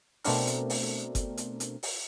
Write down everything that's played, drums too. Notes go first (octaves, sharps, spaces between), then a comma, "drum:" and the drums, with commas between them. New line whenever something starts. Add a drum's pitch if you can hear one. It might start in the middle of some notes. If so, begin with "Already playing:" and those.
B2 A3 C4 D4 A#4, drum: open hi-hat
drum: hi-hat
drum: open hi-hat
drum: kick F#1, hi-hat
drum: hi-hat
drum: hi-hat
drum: open hi-hat